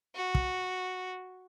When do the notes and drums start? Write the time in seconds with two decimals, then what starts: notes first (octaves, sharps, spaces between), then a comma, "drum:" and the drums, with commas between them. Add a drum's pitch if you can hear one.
0.15 F#4
0.35 drum: kick